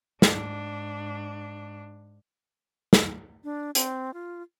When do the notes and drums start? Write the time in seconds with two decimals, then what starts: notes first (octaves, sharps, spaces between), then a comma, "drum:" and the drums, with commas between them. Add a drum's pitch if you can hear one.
0.22 G#2 D4, drum: snare
2.93 drum: snare
3.44 D4
3.75 C4, drum: hi-hat
4.14 F4